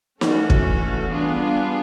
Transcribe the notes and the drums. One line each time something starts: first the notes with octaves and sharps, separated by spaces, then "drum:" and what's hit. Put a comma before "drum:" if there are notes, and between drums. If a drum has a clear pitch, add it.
E3 A3 C#4 F#4 A4, drum: snare
drum: kick
G3 B3 D4 F4 G#4